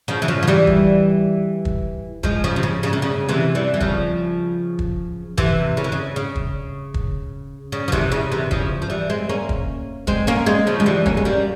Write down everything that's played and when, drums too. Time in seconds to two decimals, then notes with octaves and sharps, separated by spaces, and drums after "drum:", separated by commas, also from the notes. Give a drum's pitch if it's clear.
0.08 C#3 F3
0.22 E3
0.28 C#3 F3
0.43 F3
0.47 E3 G3
0.67 drum: kick
1.65 drum: kick
2.23 F3 G#3, drum: kick
2.44 C#3 F3
2.56 C3
2.63 C#3
2.83 C#3
2.93 C3
3.02 C#3
3.29 C3 E3
3.55 E3 G3
3.74 E3
3.80 C#3 F3, drum: kick
4.79 drum: kick
5.38 C3 E3, drum: kick
5.77 C#3
5.84 E3
5.92 C#3
6.16 C#3
6.35 drum: kick
6.94 drum: kick
7.72 C#3
7.88 F3
7.92 C3 E3, drum: kick
8.12 C#3
8.32 C3 E3
8.51 C#3 F3, drum: kick
8.82 F3
8.90 E3 G3
9.10 G#3 C4
9.29 A#3 C#4
9.49 drum: kick
10.07 G#3 C4, drum: kick
10.27 A#3 C#4
10.46 G#3 C4
10.67 C#3 F3
10.80 G#3
10.86 E3 G3
11.06 A#3 C#4, drum: kick
11.17 G#3
11.25 G3 A#3